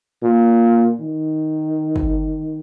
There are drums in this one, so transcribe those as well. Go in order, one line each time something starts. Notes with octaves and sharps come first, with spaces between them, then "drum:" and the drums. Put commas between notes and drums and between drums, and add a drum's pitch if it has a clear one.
A#2
D#3
drum: kick